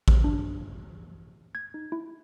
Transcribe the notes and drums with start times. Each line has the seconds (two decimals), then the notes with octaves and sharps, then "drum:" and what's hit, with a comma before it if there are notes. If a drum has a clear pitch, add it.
0.08 drum: kick A1
0.24 D4
1.55 G#6
1.74 D#4
1.92 E4